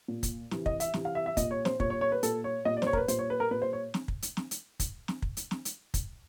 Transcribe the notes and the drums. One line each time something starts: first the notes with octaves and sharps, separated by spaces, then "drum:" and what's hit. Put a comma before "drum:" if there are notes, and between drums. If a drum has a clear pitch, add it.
A#2
drum: kick, hi-hat
C3 E3, drum: snare
D#5, drum: kick
E5, drum: hi-hat
C3 E3, drum: snare
F5
E5
E5
A#2 D#5, drum: kick, hi-hat
C#5
C5, drum: snare
A#2 C#5, drum: kick
C#5
C#5
B4
A#2 A4, drum: hi-hat
C#5
A#2 D#5
D5
C5, drum: snare
C#5
A#4, drum: kick
B4
A#2 C5, drum: hi-hat
C#5
B4
A#4
A#2 B4
C5
C#5
drum: snare
drum: kick
drum: hi-hat
drum: snare
drum: hi-hat
drum: kick, hi-hat
drum: snare
drum: kick
drum: hi-hat
drum: snare
drum: hi-hat
drum: kick, hi-hat